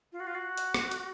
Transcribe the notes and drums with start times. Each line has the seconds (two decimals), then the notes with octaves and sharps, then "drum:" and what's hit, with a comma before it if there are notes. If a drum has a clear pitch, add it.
0.12 F4
0.20 F#4
0.27 F4
0.35 F#4
0.58 drum: hi-hat
0.74 drum: rim click
0.91 drum: hi-hat